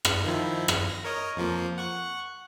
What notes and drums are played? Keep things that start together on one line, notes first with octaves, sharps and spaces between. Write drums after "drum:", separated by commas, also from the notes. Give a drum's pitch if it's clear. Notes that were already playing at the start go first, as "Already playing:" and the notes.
drum: rim click
D#3 F3 E4
drum: rim click
A#6
A#4 C#5 D#5
F2 F3 A#3
F#5 C#6 F#6